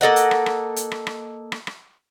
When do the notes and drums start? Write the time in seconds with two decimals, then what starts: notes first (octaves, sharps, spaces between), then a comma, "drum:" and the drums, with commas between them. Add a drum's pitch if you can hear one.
0.01 A#3 A4 D#5 F#5
0.16 drum: hi-hat
0.31 drum: rim click
0.46 drum: rim click
0.76 drum: hi-hat
0.91 drum: rim click
1.07 drum: rim click
1.52 drum: rim click
1.67 drum: rim click